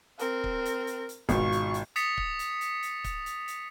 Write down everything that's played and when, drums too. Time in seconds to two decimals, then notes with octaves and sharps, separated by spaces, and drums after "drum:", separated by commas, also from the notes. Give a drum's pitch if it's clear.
0.19 C4 A#4, drum: hi-hat
0.44 drum: kick C#1
0.65 drum: hi-hat
0.87 drum: hi-hat
1.09 drum: hi-hat
1.29 G#1 B2 F4 C#6, drum: kick C#1, hi-hat
1.52 drum: hi-hat
1.74 drum: hi-hat
1.96 D#6 A6 B6 C#7 F7, drum: hi-hat
2.17 drum: kick C#1
2.39 drum: hi-hat
2.61 drum: hi-hat
2.83 drum: hi-hat
3.04 drum: kick C#1, hi-hat
3.26 drum: hi-hat
3.48 drum: hi-hat